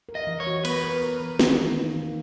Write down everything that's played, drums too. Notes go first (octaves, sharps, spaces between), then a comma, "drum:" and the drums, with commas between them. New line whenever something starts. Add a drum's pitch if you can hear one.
A#4
D#5
E3
C#5
F#4
B3 B4, drum: cymbal
A#4
A#4
E3
D#3, drum: snare
D#3
A#3
D#3